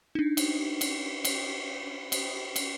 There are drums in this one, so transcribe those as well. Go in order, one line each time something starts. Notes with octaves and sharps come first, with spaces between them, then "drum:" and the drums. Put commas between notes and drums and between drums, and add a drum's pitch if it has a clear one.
D4 D#4
drum: cymbal
drum: cymbal
drum: cymbal
drum: cymbal
drum: cymbal